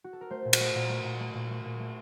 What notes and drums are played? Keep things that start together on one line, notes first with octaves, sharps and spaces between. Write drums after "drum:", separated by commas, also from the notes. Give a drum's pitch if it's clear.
F#4
A4
A#4
A3 C5
A#2 A4
F#4, drum: cymbal
A3 A4
A#2 A#4
A3
A#2
A3
A#2
A3
A#2
A3